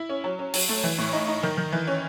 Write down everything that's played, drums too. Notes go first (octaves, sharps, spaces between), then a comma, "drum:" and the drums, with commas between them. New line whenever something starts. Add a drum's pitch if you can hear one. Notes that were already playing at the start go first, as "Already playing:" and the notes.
Already playing: E4
C#4
F#3
C#4
F#3, drum: open hi-hat
A3
E3
A2
D#4
D#4
D#3
D#3
E3
C#4